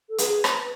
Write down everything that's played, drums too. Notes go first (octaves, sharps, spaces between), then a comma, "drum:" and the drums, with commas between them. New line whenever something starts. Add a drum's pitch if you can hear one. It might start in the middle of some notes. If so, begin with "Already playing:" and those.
A4
G#4 B4, drum: hi-hat
drum: rim click